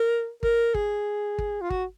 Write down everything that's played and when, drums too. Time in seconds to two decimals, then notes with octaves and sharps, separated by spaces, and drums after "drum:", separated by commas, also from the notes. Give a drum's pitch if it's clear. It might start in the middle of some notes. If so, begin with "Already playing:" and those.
Already playing: A#4
0.43 A#4, drum: kick
0.74 G#4, drum: kick
1.38 drum: kick
1.61 F4
1.70 F#4, drum: kick